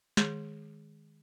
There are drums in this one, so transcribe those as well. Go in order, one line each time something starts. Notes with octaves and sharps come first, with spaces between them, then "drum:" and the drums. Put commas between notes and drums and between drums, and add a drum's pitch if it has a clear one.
D#3 G#3 G#4, drum: snare